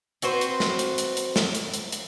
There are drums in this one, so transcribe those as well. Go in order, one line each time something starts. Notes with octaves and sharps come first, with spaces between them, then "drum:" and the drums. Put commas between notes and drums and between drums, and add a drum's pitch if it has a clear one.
C4 F#4 B4 C5, drum: hi-hat
drum: hi-hat
drum: snare
drum: hi-hat
drum: hi-hat
drum: hi-hat
drum: snare
drum: hi-hat
drum: hi-hat
drum: hi-hat